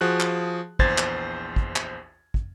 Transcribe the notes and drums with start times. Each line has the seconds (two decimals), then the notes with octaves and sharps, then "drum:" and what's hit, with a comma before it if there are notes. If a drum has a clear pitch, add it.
0.01 F3 F#4 G#4 F#6
0.20 drum: clap
0.79 A#1 E2 C5 G#6 A6, drum: kick
0.98 drum: clap
1.56 drum: kick
1.76 drum: clap
2.34 drum: kick